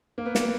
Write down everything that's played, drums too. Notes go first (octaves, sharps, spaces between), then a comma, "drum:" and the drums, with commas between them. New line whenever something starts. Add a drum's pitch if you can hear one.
A#3
B3
A#3, drum: snare